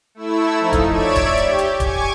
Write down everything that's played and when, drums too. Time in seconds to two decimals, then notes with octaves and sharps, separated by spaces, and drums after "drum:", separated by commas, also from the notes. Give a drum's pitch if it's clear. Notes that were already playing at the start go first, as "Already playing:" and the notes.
0.15 A3 E4 E6
0.60 F3 D#4
0.73 drum: kick D1, hi-hat
0.90 C#5 D5 E5 G#6 D7 E7
1.16 drum: kick D1, hi-hat
1.37 G4, drum: hi-hat
1.58 drum: hi-hat
1.80 G#5 C#6 D6 G#6, drum: kick D1, hi-hat